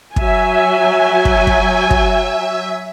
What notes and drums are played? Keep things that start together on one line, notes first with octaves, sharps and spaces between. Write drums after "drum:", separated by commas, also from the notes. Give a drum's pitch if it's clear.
F#3 E5 G#5, drum: kick
drum: kick
drum: kick
drum: kick